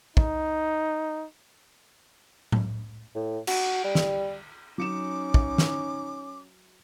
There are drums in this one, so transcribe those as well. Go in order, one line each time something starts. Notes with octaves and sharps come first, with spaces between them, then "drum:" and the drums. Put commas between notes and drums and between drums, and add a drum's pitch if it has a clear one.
D#4, drum: kick
drum: tom A2
A2
F#4, drum: cymbal
G3
drum: snare
F#3 C#4 D#4 D6 C#7 E7
drum: kick
drum: snare